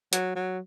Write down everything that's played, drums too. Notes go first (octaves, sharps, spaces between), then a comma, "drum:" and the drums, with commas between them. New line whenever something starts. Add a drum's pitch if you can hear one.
F#3, drum: hi-hat
F#3